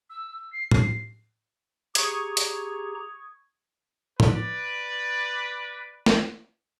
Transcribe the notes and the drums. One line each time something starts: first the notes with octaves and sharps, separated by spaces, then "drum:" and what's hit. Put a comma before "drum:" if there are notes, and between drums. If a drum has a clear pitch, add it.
E6
E6
C7
C7, drum: tom A2
G4 G#4 A#5 C#6 D#6 G#6, drum: hi-hat
drum: hi-hat
B4 D5, drum: tom A2
drum: snare